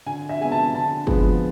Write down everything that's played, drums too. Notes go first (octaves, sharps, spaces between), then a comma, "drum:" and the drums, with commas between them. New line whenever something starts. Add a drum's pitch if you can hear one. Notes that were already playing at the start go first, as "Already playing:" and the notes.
D3 G#5
E5
G#3 B3 G#5
A5
D3 A5
F3 G#3 B3, drum: kick